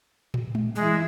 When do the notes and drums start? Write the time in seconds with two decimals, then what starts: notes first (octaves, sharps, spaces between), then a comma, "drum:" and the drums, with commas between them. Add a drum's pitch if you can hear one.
0.34 drum: tom
0.55 drum: tom G#3
0.76 E3 G#3 E4